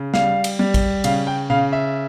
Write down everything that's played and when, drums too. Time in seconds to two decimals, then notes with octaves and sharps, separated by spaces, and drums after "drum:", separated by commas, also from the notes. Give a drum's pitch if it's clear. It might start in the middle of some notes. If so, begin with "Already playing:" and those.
Already playing: C#3
0.14 G3 F5, drum: snare
0.44 drum: cymbal
0.59 G3
0.74 drum: kick A1, cymbal
1.04 C#3 F5, drum: cymbal
1.27 G5
1.50 C#3 F5
1.73 E5